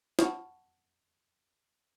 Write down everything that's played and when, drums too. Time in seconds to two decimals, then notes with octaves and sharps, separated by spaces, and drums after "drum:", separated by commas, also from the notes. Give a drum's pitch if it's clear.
0.19 F#5 A5 B5 C#6 F6, drum: snare